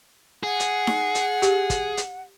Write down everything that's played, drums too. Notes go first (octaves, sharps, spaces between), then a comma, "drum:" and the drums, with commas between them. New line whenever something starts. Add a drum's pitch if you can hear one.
G#4 F#5
drum: hi-hat
drum: snare D#4
drum: hi-hat
G4, drum: hi-hat
drum: kick, hi-hat
drum: hi-hat